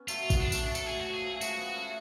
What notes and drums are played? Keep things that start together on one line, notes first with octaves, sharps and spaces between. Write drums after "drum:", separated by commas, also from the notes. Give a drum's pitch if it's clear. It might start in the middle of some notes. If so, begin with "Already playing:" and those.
Already playing: B3 C#4
F#3 A3 F4, drum: tambourine
G#3 B3, drum: kick A1, tambourine
D4
A3 C#4, drum: tambourine
F#3 A3 A4, drum: tambourine
F#3 G#4
F#4
F3
G#4
F#3 A3
F3 G#3 F#4, drum: tambourine
G#3 B3
A3 C#4